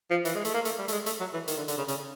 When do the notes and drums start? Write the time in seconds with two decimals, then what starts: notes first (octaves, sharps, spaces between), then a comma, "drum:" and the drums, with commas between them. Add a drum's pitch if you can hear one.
0.11 F3
0.25 E3, drum: hi-hat
0.35 G#3
0.45 A3, drum: hi-hat
0.54 A#3
0.65 A3, drum: hi-hat
0.79 G3
0.88 A3, drum: hi-hat
0.92 G#3
1.06 A3, drum: hi-hat
1.20 F#3
1.34 E3
1.48 D#3, drum: hi-hat
1.57 D3
1.68 D3, drum: hi-hat
1.77 C#3
1.88 C#3, drum: hi-hat